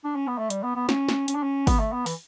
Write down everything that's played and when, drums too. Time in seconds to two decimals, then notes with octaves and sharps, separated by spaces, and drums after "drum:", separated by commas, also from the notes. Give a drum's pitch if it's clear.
0.05 D4
0.16 C#4
0.27 B3
0.38 A3
0.50 G3, drum: hi-hat
0.64 B3
0.76 B3
0.89 C#4, drum: snare
1.09 drum: snare
1.28 C#4, drum: hi-hat
1.35 D4
1.43 C#4
1.67 B3, drum: kick, open hi-hat
1.80 A3
1.92 B3
2.06 E3, drum: open hi-hat